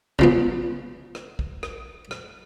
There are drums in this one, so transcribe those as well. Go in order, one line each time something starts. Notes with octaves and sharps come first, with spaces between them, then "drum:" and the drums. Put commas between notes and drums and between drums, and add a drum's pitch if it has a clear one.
C#3 F3 B3, drum: kick
drum: rim click
drum: kick
drum: rim click
drum: rim click